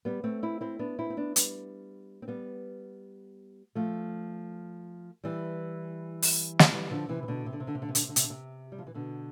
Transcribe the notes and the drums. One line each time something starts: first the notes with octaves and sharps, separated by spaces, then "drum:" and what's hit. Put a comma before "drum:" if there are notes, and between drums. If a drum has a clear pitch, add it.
G3 B3
A3 C4
C4 E4
C4 E4
B3 D4
C4 E4
C4
B3 D4
G3 B3, drum: hi-hat
C4
G3 B3
F3 A3
E3 G3
drum: open hi-hat
drum: snare
E3 G3
D3 F3
C3 E3
E3
B2 D3
C3
D3
C3
D3
C3
D3
C3
D3, drum: hi-hat
C3
D3
C3, drum: hi-hat
D3
C3
G3
F3
E3
B2 D3